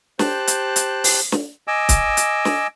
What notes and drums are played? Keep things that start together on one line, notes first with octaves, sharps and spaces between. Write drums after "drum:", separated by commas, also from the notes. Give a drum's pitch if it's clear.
G4 C5 A5 F#6, drum: snare
drum: hi-hat
drum: hi-hat
drum: open hi-hat
drum: snare
D#5 G#5 D6 E6
drum: kick, hi-hat
drum: hi-hat
drum: snare